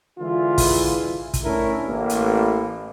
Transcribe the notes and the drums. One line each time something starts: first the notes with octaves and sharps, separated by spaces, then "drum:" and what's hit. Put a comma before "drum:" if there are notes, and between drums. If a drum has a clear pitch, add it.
D3 E3 G#3 E4 F4
drum: kick, open hi-hat
drum: kick, hi-hat
A3 C#4 D4 E4 A4 A#4
A1 A#3 B4
drum: hi-hat